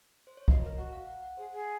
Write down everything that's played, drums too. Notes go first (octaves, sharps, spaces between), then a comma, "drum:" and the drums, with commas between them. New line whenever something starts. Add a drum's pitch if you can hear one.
C5
C#5
D#5 F5, drum: kick
A#4 A#5
F#4 F#5
F5
F#5
F#5
G#4 C5
G#4